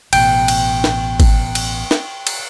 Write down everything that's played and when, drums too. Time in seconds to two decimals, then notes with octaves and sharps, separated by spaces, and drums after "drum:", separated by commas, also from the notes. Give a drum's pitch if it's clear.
0.13 A1 B2 G5, drum: cymbal
0.48 drum: cymbal
0.84 drum: snare
1.20 drum: kick G#1, cymbal
1.55 drum: cymbal
1.91 drum: snare
2.27 drum: cymbal